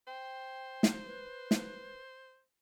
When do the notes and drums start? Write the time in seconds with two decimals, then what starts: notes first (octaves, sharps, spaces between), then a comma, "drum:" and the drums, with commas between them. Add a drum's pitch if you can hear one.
0.07 C5 G5
0.83 drum: snare
1.06 B4
1.51 drum: snare